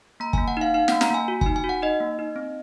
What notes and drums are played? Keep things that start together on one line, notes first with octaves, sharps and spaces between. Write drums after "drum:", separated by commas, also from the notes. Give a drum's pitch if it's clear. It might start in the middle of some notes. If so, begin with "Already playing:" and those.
A#3 A#5
A#3 G#5, drum: kick
F#5
D#4 F5
D#4 F5
A#3 F#5, drum: snare
A#5, drum: snare
A#3 G#5
F#4
G#5, drum: kick
D#4
G#5
F#4
F#5
D#4 D#5
A#3
D#4
C4